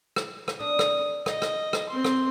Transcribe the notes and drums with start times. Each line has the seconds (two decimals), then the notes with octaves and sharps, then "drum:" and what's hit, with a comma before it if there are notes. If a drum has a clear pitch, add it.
0.16 drum: rim click
0.48 drum: rim click
0.60 D4 D#6
0.79 drum: rim click
1.26 D#5, drum: rim click
1.42 drum: rim click
1.73 drum: rim click
1.89 C4 C6
2.04 drum: rim click